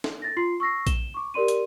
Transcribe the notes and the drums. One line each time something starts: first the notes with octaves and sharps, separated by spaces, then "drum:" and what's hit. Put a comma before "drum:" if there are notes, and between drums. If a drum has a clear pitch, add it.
drum: snare
A6 A#6
F4 C6 C7
C#6 E6 A#6 C7
E7 G7, drum: kick A#1, hi-hat
C#6 D6
G4 A#4 D5 C6 D#7
drum: hi-hat